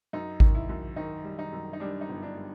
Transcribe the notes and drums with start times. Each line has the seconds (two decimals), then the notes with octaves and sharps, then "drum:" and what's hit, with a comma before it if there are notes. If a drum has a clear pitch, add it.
0.13 F#2 D#4
0.40 D#3, drum: kick G#1
0.55 E4
0.69 F#2
0.96 D#3 D#4
1.24 G3
1.39 D#4
1.53 F#2
1.73 D#4
1.80 G3 D4
2.01 D#4
2.09 G1
2.23 D4
2.36 G3